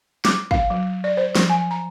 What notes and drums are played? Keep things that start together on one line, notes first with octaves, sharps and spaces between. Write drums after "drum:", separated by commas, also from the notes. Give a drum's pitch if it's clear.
D6, drum: snare
F5, drum: kick
F#3
D5
C5
F3, drum: snare
G#5
A#5